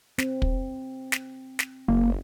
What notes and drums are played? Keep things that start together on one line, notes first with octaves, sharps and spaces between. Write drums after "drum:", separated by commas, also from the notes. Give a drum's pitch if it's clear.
C4, drum: snare
drum: kick
drum: snare
drum: snare
F#1 A#3